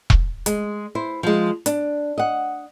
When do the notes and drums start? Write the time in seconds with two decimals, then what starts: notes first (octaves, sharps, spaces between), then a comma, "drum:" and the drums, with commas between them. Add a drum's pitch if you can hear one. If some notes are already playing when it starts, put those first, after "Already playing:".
0.10 drum: kick E1
0.46 G#3, drum: hi-hat
0.95 E4 C5
1.23 F3 G#3
1.66 D4, drum: hi-hat
2.18 D#5 F#5